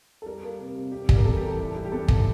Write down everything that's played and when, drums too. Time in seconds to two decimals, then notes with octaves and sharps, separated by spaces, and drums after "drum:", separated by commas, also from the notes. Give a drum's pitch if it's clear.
0.22 A4
0.26 G3 A#4
0.43 A#3
0.59 C3
0.75 C3
0.92 C3 G4
1.09 G3, drum: kick
1.16 A#4
1.25 E2 A4
1.37 G4
1.43 E2
1.48 A4
1.59 E3
1.76 G3
1.85 G4
1.92 E2 A4
2.08 E2, drum: kick